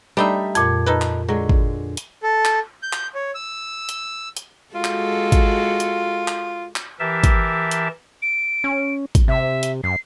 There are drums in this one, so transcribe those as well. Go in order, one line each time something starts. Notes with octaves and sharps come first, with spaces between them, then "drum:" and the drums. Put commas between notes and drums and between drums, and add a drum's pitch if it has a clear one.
G3 A3 D4 D#4 E5 B5
F2 A#2, drum: hi-hat
D#4 A4 B4
drum: clap
D3 F#3 G#3
drum: kick
drum: hi-hat
A4
drum: clap
G6
drum: clap
C#5
E6
drum: hi-hat
drum: hi-hat
G#3 F4 F#4 A4
drum: clap
drum: kick, hi-hat
drum: hi-hat
drum: clap
drum: clap
E3 G4 A#4 E5 A5
drum: kick, hi-hat
drum: hi-hat
D7
C#4
drum: kick, hi-hat
C3 E5
drum: hi-hat
F#2 C7